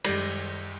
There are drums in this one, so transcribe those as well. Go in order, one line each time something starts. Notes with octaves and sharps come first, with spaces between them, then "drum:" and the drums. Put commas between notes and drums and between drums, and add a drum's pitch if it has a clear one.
F#2 D#3 G3 G#3, drum: cymbal